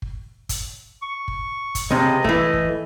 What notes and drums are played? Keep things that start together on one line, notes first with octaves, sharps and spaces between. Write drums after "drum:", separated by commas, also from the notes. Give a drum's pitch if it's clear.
drum: kick
drum: kick, hi-hat
C#6
drum: kick
drum: kick, hi-hat
C#2 C3 D#5
E3 A3, drum: kick
drum: kick